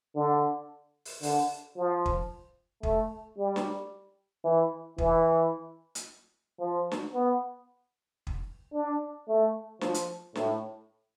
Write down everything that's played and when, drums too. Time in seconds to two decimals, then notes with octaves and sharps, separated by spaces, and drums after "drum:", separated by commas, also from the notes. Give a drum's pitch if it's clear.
0.15 D3
1.05 drum: open hi-hat
1.23 D3, drum: open hi-hat
1.77 F3
2.06 drum: kick
2.83 A3, drum: kick
3.37 G3
3.56 drum: snare
4.44 E3
4.98 E3, drum: kick
5.95 drum: hi-hat
6.60 F3
6.91 drum: snare
7.14 B3
8.27 drum: kick
8.74 D4
9.28 A3
9.81 F3, drum: snare
9.94 drum: hi-hat
10.35 A2, drum: snare